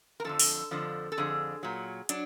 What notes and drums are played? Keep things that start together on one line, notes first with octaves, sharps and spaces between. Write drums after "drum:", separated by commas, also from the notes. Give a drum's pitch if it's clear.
A#4
F2 D3 F3 A4
drum: open hi-hat
F2 D3 F3
A4
F2 D3 F3 G#4
A#2 F#3
F#3 D4, drum: hi-hat